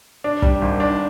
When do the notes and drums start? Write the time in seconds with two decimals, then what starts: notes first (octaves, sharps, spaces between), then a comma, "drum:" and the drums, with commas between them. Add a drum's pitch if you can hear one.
0.24 D4
0.42 G3, drum: kick
0.62 G#1
0.80 D4